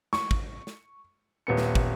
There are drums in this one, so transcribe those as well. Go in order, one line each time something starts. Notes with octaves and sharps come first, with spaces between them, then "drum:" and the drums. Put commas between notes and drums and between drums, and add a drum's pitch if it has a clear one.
C#6, drum: snare
drum: kick
drum: snare
D#1 B3 C#7
drum: snare
drum: kick